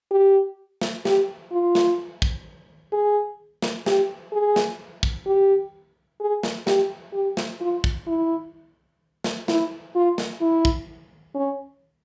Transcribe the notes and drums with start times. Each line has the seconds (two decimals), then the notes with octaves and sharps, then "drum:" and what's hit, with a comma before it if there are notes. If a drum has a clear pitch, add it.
0.11 G4
0.81 drum: snare
1.05 G4, drum: snare
1.52 F4
1.75 drum: snare
2.22 drum: kick
2.93 G#4
3.62 drum: snare
3.86 G4, drum: snare
4.32 G#4
4.56 drum: snare
5.03 drum: kick
5.27 G4
6.21 G#4
6.43 drum: snare
6.67 G4, drum: snare
7.13 G4
7.37 drum: snare
7.61 F4
7.84 drum: kick
8.07 E4
9.24 drum: snare
9.48 E4, drum: snare
9.95 F4
10.18 drum: snare
10.41 E4
10.65 drum: kick
11.35 C#4